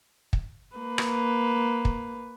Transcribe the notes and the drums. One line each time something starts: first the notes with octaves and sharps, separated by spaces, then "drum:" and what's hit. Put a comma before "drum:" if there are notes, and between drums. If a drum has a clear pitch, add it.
drum: kick
A#3 B4
drum: rim click
drum: kick